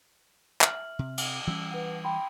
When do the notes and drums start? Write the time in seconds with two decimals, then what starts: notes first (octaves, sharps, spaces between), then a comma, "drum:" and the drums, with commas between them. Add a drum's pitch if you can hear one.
0.61 E5 F6 F#7, drum: clap
0.99 C3
1.18 drum: cymbal
1.47 E3 G3 C#4 E6
1.71 B4 F#5
2.04 G5 B5 C6